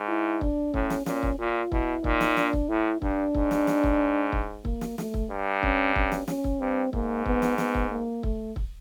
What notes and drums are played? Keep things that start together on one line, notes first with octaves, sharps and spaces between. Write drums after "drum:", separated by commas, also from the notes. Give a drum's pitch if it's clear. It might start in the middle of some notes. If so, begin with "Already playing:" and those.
Already playing: G#2
E4
D4, drum: kick
A2 C#4, drum: kick
drum: snare
A#2 C#4, drum: snare
drum: kick
A#2 F4
B2 E4, drum: kick
A#2 D#4, drum: kick
drum: snare
D4, drum: snare
drum: kick
A2 E4
G2 D4, drum: kick
G#2, drum: kick
drum: snare
drum: snare
drum: kick
drum: kick
A#3, drum: kick
drum: snare
A3, drum: snare
drum: kick
G2
C#4, drum: kick
C#4, drum: kick
drum: snare
C#4, drum: snare
drum: kick
G2 C4
G#2 A#3, drum: kick
B3, drum: kick
drum: snare
B3, drum: snare
drum: kick
A#3
A3, drum: kick
drum: kick